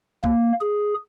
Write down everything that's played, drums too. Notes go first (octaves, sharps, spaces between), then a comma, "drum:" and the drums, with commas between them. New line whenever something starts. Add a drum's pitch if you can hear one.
A#3, drum: kick C2
G#4